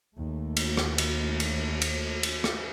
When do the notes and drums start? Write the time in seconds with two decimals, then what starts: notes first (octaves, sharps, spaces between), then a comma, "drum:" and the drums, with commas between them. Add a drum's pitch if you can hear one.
0.15 D#2 A3
0.57 drum: cymbal
0.77 drum: rim click
0.98 drum: cymbal
1.40 drum: cymbal
1.82 drum: cymbal
2.23 drum: cymbal
2.44 drum: rim click